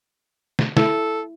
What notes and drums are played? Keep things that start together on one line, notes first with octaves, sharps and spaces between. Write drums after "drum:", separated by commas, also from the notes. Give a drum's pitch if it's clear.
drum: snare
E4 A4, drum: snare